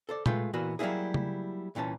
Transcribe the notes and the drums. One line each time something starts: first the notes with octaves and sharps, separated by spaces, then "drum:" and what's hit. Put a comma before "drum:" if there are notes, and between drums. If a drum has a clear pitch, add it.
A4 C5 D5
G#3 A3 F4 B4 G5, drum: tom A#2
A#2 E3 A#3 B3 F#4
F#3 G3 A#3 D4 E4 G#4
drum: tom C#3
C2 A#2 E3 C#4 A5